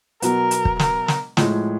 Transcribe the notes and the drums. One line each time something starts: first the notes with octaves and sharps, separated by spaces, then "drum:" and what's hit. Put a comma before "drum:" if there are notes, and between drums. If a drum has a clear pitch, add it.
B2 F#3 B3 A#4, drum: hi-hat
drum: hi-hat
drum: kick
A#4, drum: snare
drum: snare
A2 F3 G#3, drum: snare